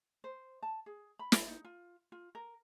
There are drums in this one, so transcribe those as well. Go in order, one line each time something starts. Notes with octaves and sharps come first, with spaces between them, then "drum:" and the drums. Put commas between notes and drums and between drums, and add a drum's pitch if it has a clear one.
C5
A5
G#4
B5
drum: snare
D#4
F4
F4
A#4